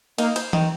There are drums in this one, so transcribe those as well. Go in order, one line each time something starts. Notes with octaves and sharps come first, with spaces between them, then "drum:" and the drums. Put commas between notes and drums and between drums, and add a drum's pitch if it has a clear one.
A#3 D#4, drum: cymbal
C5, drum: cymbal
D#3, drum: tom E3